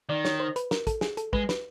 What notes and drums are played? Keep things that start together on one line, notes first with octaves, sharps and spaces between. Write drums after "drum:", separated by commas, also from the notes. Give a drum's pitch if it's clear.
D#3 D5
C#5, drum: snare
C5
B4, drum: hi-hat
A#4, drum: snare
A4, drum: kick, hi-hat
G#4, drum: snare
A4, drum: hi-hat
G#3 B4, drum: kick
B4, drum: snare